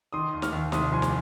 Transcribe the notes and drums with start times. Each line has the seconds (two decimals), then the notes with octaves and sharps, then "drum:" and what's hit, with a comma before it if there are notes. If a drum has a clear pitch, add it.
0.13 D#3 C6 D#6
0.33 D#2
0.42 C#6 F6, drum: snare
0.53 D#2
0.72 C2 C6 D#6, drum: snare
0.92 F3 G#5 C6
1.02 drum: snare